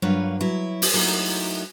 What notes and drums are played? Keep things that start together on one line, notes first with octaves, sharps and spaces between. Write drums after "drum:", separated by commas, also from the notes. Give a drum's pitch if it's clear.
G2 F#3 A#3 F4 B4 C#5
F#3 E4
drum: open hi-hat
F#3 A3 A#3 D#4 E4